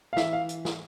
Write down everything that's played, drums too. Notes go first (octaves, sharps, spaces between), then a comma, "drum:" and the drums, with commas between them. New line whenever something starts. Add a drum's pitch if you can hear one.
F5
E3 E5, drum: snare
F5
drum: hi-hat
drum: snare